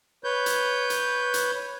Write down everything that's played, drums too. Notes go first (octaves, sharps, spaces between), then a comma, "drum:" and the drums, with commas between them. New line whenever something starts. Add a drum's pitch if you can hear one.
B4 C#5 G6
drum: hi-hat
drum: hi-hat
drum: hi-hat